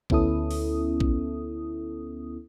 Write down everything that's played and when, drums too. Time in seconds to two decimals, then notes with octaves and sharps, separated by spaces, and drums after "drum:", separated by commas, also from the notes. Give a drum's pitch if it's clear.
0.10 D2 B3 C#4 E4 A4 D#6, drum: kick A#1
0.51 drum: open hi-hat
1.00 drum: kick A#1